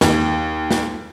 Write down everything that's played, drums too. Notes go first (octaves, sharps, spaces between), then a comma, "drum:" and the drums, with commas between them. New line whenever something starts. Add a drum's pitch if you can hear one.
D#2, drum: snare
drum: snare